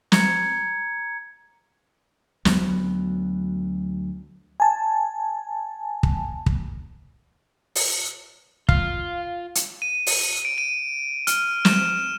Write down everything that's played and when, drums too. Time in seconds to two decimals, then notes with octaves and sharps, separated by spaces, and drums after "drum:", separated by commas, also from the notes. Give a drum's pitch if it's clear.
0.12 A#5 G#6 C#7, drum: snare
2.45 D2 F#3 B3, drum: snare
4.60 G#5 A5
6.03 drum: kick
6.46 drum: kick
7.75 drum: open hi-hat
8.69 F4 F5, drum: kick
9.55 drum: hi-hat
9.82 D#7
10.07 drum: open hi-hat
10.45 D7
10.58 D#7
11.27 F6, drum: hi-hat
11.65 E7, drum: snare